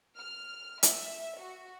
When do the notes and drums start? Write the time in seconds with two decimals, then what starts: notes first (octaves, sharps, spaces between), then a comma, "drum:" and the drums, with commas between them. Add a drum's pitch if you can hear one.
0.16 F6
0.83 E5, drum: hi-hat
1.38 F#4